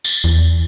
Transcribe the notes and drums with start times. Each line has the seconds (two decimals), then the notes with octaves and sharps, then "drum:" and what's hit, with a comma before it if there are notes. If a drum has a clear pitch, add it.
0.05 drum: tambourine
0.24 E2